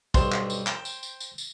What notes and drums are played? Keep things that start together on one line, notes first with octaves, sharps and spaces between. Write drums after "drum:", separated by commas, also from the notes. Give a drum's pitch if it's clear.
B1 G2 C5, drum: kick, tambourine
drum: clap
drum: tambourine
G5, drum: clap
drum: tambourine
drum: tambourine
drum: tambourine
drum: tambourine